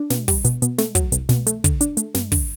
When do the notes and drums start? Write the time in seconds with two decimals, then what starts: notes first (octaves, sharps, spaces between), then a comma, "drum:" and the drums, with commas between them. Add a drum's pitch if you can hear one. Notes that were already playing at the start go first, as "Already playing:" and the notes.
Already playing: D4
0.10 B2, drum: snare
0.28 G3, drum: kick, open hi-hat
0.45 B2, drum: hi-hat
0.62 B2, drum: hi-hat
0.78 A3, drum: snare
0.95 F#3, drum: kick, hi-hat
1.12 C2, drum: hi-hat
1.29 B2, drum: snare
1.47 A3, drum: hi-hat
1.64 D3, drum: kick, hi-hat
1.81 D4, drum: hi-hat
1.97 A3, drum: hi-hat
2.14 G2, drum: snare
2.32 D3, drum: kick, open hi-hat